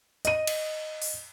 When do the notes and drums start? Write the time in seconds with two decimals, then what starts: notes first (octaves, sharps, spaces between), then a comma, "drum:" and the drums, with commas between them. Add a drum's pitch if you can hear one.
0.25 D#5 D#7, drum: hi-hat
0.47 drum: cymbal
1.02 drum: open hi-hat